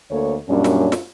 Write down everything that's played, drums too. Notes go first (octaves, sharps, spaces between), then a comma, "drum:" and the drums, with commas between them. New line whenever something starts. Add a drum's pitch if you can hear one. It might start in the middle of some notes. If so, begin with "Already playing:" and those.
D2 A#3 A4 C#5
F#2 A#2 G3 C#4 D4
drum: snare
drum: snare